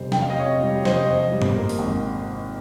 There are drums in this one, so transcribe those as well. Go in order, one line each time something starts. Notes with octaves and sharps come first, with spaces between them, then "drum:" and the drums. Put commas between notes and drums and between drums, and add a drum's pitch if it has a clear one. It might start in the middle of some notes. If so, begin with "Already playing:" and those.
Already playing: F1 C3 G3 C5
G5, drum: snare
F2
F5
D#5
C3 C#5
G3
F1 C5 D#5, drum: snare
F2
G3
drum: tom G2
A#3
drum: open hi-hat
G#1